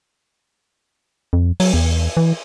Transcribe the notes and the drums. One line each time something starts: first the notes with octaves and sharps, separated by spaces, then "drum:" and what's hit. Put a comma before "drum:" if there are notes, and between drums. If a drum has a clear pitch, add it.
F2
F#3, drum: open hi-hat
E2
E3